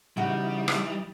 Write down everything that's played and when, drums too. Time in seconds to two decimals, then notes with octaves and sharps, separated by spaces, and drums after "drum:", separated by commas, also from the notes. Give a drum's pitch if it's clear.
0.17 C#3 E3 G3 D#4 F#4
0.68 drum: rim click